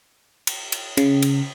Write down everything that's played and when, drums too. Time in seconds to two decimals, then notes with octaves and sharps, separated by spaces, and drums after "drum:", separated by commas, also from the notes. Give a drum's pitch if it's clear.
0.47 drum: cymbal
0.72 drum: cymbal
0.97 C#3, drum: cymbal
1.22 drum: cymbal